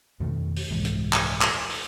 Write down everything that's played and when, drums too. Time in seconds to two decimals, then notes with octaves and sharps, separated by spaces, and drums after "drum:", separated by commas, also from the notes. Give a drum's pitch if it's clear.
0.20 F2 B2 D#3 A3
0.56 drum: open hi-hat
0.70 D#1 C2 G#2 E3
0.85 drum: hi-hat
1.13 drum: clap
1.41 drum: clap
1.70 drum: open hi-hat